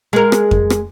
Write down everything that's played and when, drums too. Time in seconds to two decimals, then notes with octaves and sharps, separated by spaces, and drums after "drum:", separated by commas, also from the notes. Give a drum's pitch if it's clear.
0.13 G#3 A#4
0.32 drum: rim click
0.51 drum: kick F2
0.70 drum: rim click